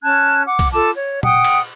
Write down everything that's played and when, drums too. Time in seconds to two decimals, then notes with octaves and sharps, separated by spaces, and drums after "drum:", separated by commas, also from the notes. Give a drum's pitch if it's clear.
0.02 C#4 A5 F#6 G#6
0.45 F#5 D6
0.59 drum: kick, cymbal
0.73 F4 A4 A5 D6
0.95 C#5
1.23 F#5 G5 D#6, drum: tom A#2
1.44 drum: cymbal